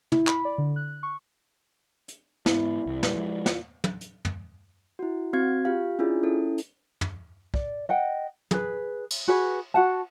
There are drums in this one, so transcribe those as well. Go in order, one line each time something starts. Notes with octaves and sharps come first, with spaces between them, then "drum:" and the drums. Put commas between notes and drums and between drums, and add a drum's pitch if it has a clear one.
E4, drum: tom
B5, drum: clap
D5
D3
F#6
C#6
drum: hi-hat
G#2 B3 E4, drum: snare
C2
A#2 F#3 G3 B4 D5, drum: snare
F3 G#3
F4, drum: snare
drum: tom
drum: hi-hat
drum: tom
E4 F#4
C4 F#4 F5 G#6
F4 G4 F5
C#4 D4 E4 F4 G#4
C#4 E4 A4
drum: hi-hat
drum: tom
D5, drum: kick
D#5 F#5 G5
G#4 B4, drum: tom
drum: cymbal
F#4 G#4 B4
F#4 F#5 A5